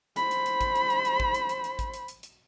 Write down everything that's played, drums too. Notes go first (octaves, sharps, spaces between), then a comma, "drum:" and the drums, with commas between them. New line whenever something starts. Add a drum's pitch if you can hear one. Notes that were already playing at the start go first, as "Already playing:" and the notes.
C5 B5, drum: hi-hat
drum: hi-hat
drum: hi-hat
drum: kick A1, hi-hat
drum: hi-hat
drum: hi-hat
drum: hi-hat
drum: kick A1
drum: hi-hat
drum: hi-hat
drum: hi-hat
drum: kick A1, hi-hat
drum: hi-hat
drum: hi-hat
drum: hi-hat